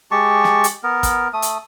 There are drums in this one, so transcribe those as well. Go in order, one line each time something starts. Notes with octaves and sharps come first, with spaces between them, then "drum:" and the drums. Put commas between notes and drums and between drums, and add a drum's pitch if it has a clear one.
G#3 G4 A5 C#6
drum: snare
drum: hi-hat
B3 A#4
drum: kick, hi-hat
A3 D#6
drum: hi-hat